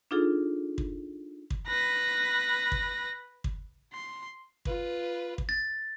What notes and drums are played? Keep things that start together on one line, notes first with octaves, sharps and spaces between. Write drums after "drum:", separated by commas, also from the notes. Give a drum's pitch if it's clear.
D4 D#4 F4 G#4 A4
drum: kick
drum: kick
B4 A#6
drum: kick
drum: kick
C6
F4 B4, drum: kick
drum: kick
A6